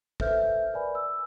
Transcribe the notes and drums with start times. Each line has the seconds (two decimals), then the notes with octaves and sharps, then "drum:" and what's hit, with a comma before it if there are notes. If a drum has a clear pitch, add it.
0.20 A4 B4 C5 E5 F6 G6, drum: kick
0.73 A#4 B4 D5 G#5 B5
0.95 E6